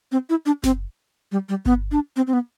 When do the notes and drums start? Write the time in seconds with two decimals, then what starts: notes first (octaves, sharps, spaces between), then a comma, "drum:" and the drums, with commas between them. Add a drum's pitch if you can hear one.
0.12 C4
0.30 E4
0.46 D4
0.64 C4, drum: snare F#1
1.32 G3
1.49 G3
1.66 B3, drum: kick G1
1.92 D4
2.16 C4
2.27 C4
2.33 B3